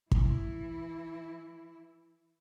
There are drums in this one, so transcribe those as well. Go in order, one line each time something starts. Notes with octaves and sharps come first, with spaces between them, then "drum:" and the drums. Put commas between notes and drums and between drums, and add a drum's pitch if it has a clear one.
E3 E4, drum: kick